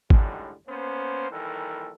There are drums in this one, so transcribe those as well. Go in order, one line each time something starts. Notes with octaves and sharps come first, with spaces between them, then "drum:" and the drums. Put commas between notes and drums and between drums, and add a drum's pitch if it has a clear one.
F#2 A2 D3 D#3 G3 G#3, drum: kick G#1
A#3 B3 C#4 C5
A#1 D#3 E3 G3 A4 A#4